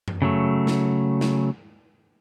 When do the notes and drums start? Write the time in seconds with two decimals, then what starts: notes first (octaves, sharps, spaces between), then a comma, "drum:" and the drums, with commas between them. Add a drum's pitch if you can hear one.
0.08 drum: tom F#2
0.22 C#3 F#3 A3
0.67 drum: snare
1.21 drum: snare